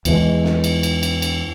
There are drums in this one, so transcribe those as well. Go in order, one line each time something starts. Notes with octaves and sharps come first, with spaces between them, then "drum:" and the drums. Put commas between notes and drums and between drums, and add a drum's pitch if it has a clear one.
E2 E3 F#3 G#3, drum: cymbal
drum: snare
drum: cymbal
drum: cymbal
drum: cymbal
drum: cymbal